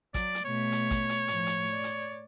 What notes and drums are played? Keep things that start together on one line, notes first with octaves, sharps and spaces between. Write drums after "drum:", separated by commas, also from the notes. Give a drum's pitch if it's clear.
F#3 D5, drum: kick A1, hi-hat
drum: hi-hat
B2 A3 C#5
drum: hi-hat
drum: kick A1, hi-hat
drum: hi-hat
A2 F3, drum: hi-hat
drum: hi-hat
D5
drum: hi-hat